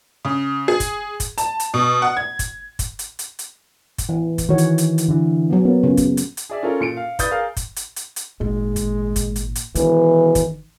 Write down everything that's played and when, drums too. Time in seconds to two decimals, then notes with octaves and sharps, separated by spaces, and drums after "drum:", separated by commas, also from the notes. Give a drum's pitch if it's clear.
0.25 C#3
0.68 G#4
0.80 drum: kick F#1, hi-hat
1.20 drum: kick F#1, hi-hat
1.38 A5, drum: hi-hat
1.60 drum: hi-hat
1.74 B2
2.02 F#5
2.17 G#6
2.39 drum: kick F#1, hi-hat
2.79 drum: kick F#1, hi-hat
2.99 drum: hi-hat
3.19 drum: hi-hat
3.39 drum: hi-hat
3.98 drum: kick F#1, hi-hat
4.09 E3
4.38 drum: kick F#1, hi-hat
4.49 D#3 E3 F#4 C#5
4.58 drum: hi-hat
4.78 drum: hi-hat
4.98 drum: hi-hat
5.08 D3 E3
5.50 F#3 B3
5.65 A#3 B3
5.83 C#3
5.97 drum: kick F#1, hi-hat
6.17 drum: hi-hat
6.37 drum: hi-hat
6.50 G#4 D5 E5
6.63 C#4 F4 A4 A#4
6.80 A#2 C#7 D7
6.97 F5
7.19 B4 D5 D#6 G6 A6, drum: kick F#1, hi-hat
7.31 G#4 A#4 F5 A#5
7.57 drum: kick F#1, hi-hat
7.76 drum: hi-hat
7.96 drum: hi-hat
8.16 drum: hi-hat
8.41 G#1 A#2 G#3
8.76 drum: kick F#1, hi-hat
9.16 drum: kick F#1, hi-hat
9.36 drum: hi-hat
9.55 drum: hi-hat
9.75 E1 D#3 E3, drum: hi-hat
10.35 drum: kick F#1, hi-hat